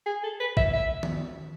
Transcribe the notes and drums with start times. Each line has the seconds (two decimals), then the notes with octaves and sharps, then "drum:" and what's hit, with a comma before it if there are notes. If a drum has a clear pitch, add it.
0.06 G#4
0.24 A4
0.40 B4
0.57 E5, drum: kick A1
0.73 E5
1.03 drum: tom D#3